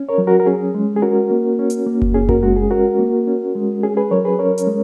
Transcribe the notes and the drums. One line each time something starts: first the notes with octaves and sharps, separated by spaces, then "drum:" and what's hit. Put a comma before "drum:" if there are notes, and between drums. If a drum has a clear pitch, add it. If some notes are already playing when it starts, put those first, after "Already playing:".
Already playing: C#4
A#4 C#5
F#3
F#4 A#4
A#4
C#4 G#4
G#3
G#4
C#4 F#4 A#4
A#3
C#4
drum: hi-hat
A#3
drum: kick F#1
C#4 G#4
F#4 A#4, drum: kick F#1
G#3 F#4
G#4
C#4 F#4 A#4
A#3
C#4
G#3
C#4 G#4
G#4 B4
F#3 A#4 C#5
G#4 B4
C#4 A#4 C#5
drum: hi-hat
G#3